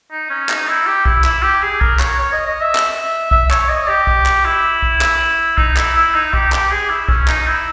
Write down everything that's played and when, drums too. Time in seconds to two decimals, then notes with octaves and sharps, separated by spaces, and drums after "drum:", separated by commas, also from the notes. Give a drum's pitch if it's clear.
0.11 D#4
0.30 C#4
0.49 D#4, drum: clap
0.68 E4
0.87 G4
1.06 E4, drum: kick
1.24 E4, drum: clap
1.43 G4
1.62 G#4
1.81 A#4, drum: kick
1.99 C#5, drum: clap
2.18 C#5
2.33 D#5
2.47 D#5
2.61 E5
2.75 drum: clap
3.31 E5, drum: kick
3.51 C#5, drum: clap
3.69 D#5
3.88 G4
4.07 drum: kick
4.26 drum: clap
4.45 E4
4.83 drum: kick
5.01 drum: clap
5.58 D#4, drum: kick
5.77 E4, drum: clap
5.96 E4
6.14 D#4
6.33 G4, drum: kick
6.52 G4, drum: clap
6.71 G#4
6.90 E4
7.09 C#4, drum: kick
7.28 D#4, drum: clap
7.47 E4